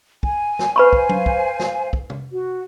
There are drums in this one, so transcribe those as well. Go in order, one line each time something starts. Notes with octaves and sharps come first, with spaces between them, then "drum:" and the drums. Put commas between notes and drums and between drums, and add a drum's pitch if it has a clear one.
G#5, drum: kick
drum: snare
B4 C5 F5 G#5 B5 C#6
drum: kick
drum: tom F#3
drum: kick
drum: snare
drum: kick
drum: tom C3
F#4